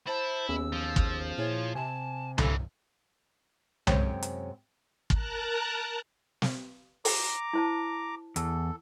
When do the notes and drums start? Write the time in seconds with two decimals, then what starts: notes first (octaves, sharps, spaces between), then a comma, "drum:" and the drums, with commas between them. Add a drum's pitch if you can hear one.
0.07 E4 C5 A5 A6
0.49 D#2 B3 C#4 G#4 E6
0.73 F3
0.96 drum: kick
1.38 A#2 E4 G#4 C#5
1.75 C3 G#5 A5
2.38 G2 E3 A4, drum: tom C2
3.87 F#2 C3 G#3 C5 C#5 G5, drum: tom C2
4.23 drum: hi-hat
5.10 A#4 A5 A#5 F#6, drum: kick
6.42 drum: snare
7.05 A#5 D6, drum: open hi-hat
7.53 E4 C5 A5
8.36 E2 A4, drum: hi-hat